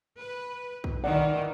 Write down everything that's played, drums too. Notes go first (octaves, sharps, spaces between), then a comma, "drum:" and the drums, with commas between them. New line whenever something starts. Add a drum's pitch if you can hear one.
B4
drum: kick
D#3 E3 D5 F#5